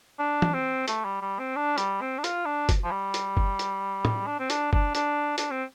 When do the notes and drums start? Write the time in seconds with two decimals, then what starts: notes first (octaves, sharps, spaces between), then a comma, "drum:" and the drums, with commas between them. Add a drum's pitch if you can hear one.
0.19 D4
0.42 drum: tom
0.54 C4
0.88 A3, drum: hi-hat
1.05 G3
1.22 G3
1.39 C4
1.56 D4
1.78 G3, drum: hi-hat
2.01 C4
2.19 D4
2.24 F4, drum: hi-hat
2.46 D4
2.69 drum: kick, hi-hat
2.84 F3
2.91 G3
3.14 drum: hi-hat
3.37 drum: kick
3.59 drum: hi-hat
4.05 drum: tom
4.27 D4
4.40 C4
4.50 D4, drum: hi-hat
4.73 D4, drum: kick
4.95 D4, drum: hi-hat
5.38 D4, drum: hi-hat
5.51 C4